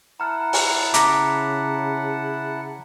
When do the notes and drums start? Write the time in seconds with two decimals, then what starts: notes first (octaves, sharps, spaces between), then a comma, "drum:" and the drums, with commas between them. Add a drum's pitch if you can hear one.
0.20 E4 F#5 A5 A#5 F6
0.53 drum: open hi-hat
0.94 C#3 A#5 D6 B6, drum: hi-hat